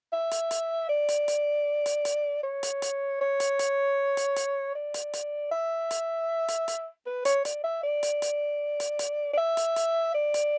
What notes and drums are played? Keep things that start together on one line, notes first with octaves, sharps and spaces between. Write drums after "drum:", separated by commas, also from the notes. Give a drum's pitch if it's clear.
E5
drum: hi-hat
drum: hi-hat
D5
drum: hi-hat
drum: hi-hat
drum: hi-hat
drum: hi-hat
C#5
drum: hi-hat
drum: hi-hat
C#5
drum: hi-hat
drum: hi-hat
drum: hi-hat
drum: hi-hat
D5
drum: hi-hat
drum: hi-hat
E5
drum: hi-hat
drum: hi-hat
drum: hi-hat
B4
C#5, drum: hi-hat
D5, drum: hi-hat
E5
D5
drum: hi-hat
drum: hi-hat
drum: hi-hat
drum: hi-hat
D5
E5
drum: hi-hat
drum: hi-hat
D5
drum: hi-hat